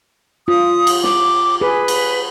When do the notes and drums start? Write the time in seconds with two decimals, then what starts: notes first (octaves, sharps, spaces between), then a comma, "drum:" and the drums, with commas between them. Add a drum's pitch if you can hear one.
0.48 F4 D#6
0.87 drum: cymbal
1.04 D6, drum: snare
1.61 G#4 B4
1.88 drum: cymbal